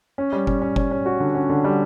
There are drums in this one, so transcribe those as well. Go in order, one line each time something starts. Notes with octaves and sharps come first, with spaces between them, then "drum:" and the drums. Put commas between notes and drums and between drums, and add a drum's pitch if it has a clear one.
C#4
G3
C#4, drum: kick F#1
C#4
C#4, drum: kick F#1
C#4
F#4
D3
C#4
D3
G3